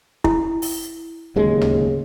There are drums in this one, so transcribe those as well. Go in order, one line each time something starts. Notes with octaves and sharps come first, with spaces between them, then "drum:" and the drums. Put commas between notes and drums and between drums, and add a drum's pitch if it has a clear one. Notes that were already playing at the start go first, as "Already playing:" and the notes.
E4, drum: kick
drum: open hi-hat
D1 D#2 C#3 G#3
drum: tom